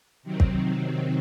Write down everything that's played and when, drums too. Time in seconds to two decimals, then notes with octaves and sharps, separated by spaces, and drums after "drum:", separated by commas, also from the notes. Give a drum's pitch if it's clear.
0.23 C3 D#3 F#3 C4
0.40 drum: kick